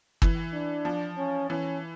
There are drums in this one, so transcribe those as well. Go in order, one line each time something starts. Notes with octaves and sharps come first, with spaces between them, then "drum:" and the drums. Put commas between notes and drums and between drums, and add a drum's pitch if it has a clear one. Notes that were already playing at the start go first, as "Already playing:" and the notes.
E3, drum: kick
D4
F3
C#4
E3 C#4